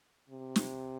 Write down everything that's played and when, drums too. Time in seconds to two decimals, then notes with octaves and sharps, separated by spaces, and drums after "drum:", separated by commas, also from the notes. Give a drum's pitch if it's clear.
0.29 C3
0.56 drum: snare